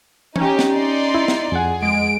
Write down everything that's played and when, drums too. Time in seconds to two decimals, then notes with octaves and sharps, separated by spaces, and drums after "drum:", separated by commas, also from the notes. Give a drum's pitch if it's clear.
0.36 C#4 D#4 G4, drum: tom E3
0.59 drum: snare
0.73 D#4 D5 C6
1.15 E4
1.28 drum: snare
1.52 F2 G#4 F#5
1.82 G#3 D7